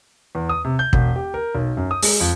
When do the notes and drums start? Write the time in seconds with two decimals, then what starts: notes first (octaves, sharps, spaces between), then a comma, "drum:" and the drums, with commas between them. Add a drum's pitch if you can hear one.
0.35 E2
0.49 D#6
0.65 C3
0.79 G6
0.93 E1, drum: kick
1.16 G4
1.34 A#4
1.55 B1
1.77 F#2
1.91 D#6
2.02 G#3, drum: open hi-hat
2.21 F2